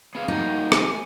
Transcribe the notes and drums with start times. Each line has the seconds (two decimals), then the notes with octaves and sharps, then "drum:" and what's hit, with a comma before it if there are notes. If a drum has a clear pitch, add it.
0.15 B3 G#4 F5
0.28 G3 A#3 D#4 F#4
0.72 G#5, drum: rim click